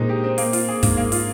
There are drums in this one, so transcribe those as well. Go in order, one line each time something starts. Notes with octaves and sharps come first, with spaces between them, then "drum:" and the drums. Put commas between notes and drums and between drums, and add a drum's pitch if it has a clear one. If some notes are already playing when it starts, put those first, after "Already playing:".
Already playing: A#2 G#3 C4 D#4
G4
C4
A#3, drum: open hi-hat
F4, drum: open hi-hat
G#4
G#2 A#3, drum: kick, open hi-hat
A#3
F4, drum: open hi-hat